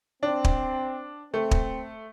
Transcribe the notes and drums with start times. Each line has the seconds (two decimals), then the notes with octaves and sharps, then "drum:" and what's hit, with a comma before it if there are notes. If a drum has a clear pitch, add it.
0.23 C4 D4
0.44 drum: kick
1.34 A3 C4
1.51 drum: kick